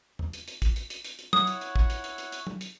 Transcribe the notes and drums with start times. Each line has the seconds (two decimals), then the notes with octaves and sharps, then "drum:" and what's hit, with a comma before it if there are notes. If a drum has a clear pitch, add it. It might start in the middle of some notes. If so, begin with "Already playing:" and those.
0.19 drum: tom E2
0.33 drum: hi-hat
0.48 drum: hi-hat
0.62 drum: kick, hi-hat
0.76 drum: hi-hat
0.90 drum: hi-hat
1.04 drum: hi-hat
1.19 drum: hi-hat
1.33 E4 C#5 F#5 D#6, drum: tom
1.47 drum: hi-hat
1.61 drum: hi-hat
1.76 drum: kick
1.90 drum: hi-hat
2.04 drum: hi-hat
2.18 drum: hi-hat
2.32 drum: hi-hat
2.47 drum: tom
2.61 drum: hi-hat